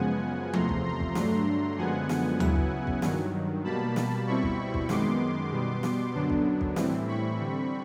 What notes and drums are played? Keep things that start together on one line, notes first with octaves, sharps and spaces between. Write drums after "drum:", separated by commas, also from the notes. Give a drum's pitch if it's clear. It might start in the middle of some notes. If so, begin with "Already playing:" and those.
Already playing: F#2 C#3 F3 G#3 B3 F#5 G#5
E2 C3 F3 A3 A#5 C6, drum: tom F3
drum: kick
A#5 C6
drum: kick
G2 D3 F#3 A3 D4 A#5 C6, drum: snare
F#2 D3 F3 G#3 B3 F#5 G#5
drum: snare
C#3 F#3 B3 E4, drum: tom D2
drum: kick
drum: kick
G2 D#3 F#3, drum: snare
B2 G3 A#3 A5 B5
drum: snare
B2 G3 C4 E4 B5 C#6
drum: kick
drum: kick
F#2 D#3 G#3 B3 C6 D6, drum: snare
B2 G3 B3
drum: snare
F#2 D3 F#3 B3 D4
drum: kick
drum: kick
A2 E3 G3 C4 E4, drum: snare
B5 C#6
D3 G3 C4